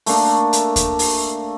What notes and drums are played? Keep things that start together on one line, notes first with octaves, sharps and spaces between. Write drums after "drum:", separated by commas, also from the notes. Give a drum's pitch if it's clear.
A3 A#3 D4, drum: open hi-hat
drum: hi-hat
drum: kick D2, hi-hat
drum: open hi-hat